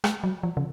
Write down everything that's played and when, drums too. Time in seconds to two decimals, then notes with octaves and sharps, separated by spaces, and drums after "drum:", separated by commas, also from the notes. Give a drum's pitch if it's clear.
0.04 G#3, drum: rim click
0.24 F#3
0.43 F3
0.57 C#3